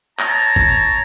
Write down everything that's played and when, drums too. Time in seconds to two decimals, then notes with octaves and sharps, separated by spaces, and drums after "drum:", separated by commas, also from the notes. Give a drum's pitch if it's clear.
0.19 C#5 A5 A#5, drum: clap
0.56 drum: kick